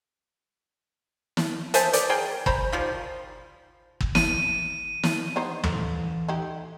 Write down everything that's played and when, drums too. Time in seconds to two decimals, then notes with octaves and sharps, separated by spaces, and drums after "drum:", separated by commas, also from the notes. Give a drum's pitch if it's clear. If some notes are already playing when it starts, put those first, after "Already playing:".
1.37 drum: snare
1.74 C5 E5 G#5 A5, drum: hi-hat
1.93 D5, drum: hi-hat
2.10 G#4 A#4 G5
2.46 C5 A#5 B5, drum: kick
2.72 D#3 F3 G3
4.01 drum: kick
4.15 D#7, drum: snare
5.03 drum: snare
5.36 B3 D#4 C5
5.63 E3 A4 A#5, drum: tom
6.29 D#4 E4 G4